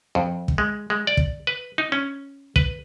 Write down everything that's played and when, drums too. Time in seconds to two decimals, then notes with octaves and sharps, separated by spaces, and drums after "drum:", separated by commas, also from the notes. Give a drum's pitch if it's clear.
0.15 F2
0.48 drum: kick
0.58 G#3
0.90 G#3
1.07 D5
1.17 drum: kick
1.47 B4
1.78 D#4
1.92 C#4
2.56 B4, drum: kick